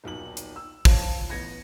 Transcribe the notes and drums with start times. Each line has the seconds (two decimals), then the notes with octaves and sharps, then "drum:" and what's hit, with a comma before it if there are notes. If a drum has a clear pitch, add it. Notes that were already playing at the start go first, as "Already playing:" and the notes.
0.04 D#1 B1 D#4 F#7
0.37 drum: hi-hat
0.56 E6
0.85 F4 C5 C#5 A5, drum: kick, open hi-hat
1.30 A1 B3 G#6 A#6 C#7